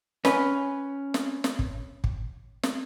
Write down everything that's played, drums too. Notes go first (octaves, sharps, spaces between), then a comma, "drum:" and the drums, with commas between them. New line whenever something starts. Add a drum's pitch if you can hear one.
C#4 B4, drum: snare
drum: snare
drum: snare
drum: kick
drum: kick
drum: snare